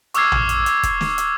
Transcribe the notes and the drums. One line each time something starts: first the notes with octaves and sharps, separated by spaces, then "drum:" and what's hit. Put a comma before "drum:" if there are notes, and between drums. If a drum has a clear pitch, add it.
C#6 D6 E6 F6 G#6 C7, drum: hi-hat
drum: tom A#1
drum: hi-hat
drum: hi-hat
drum: kick, hi-hat
drum: snare
drum: hi-hat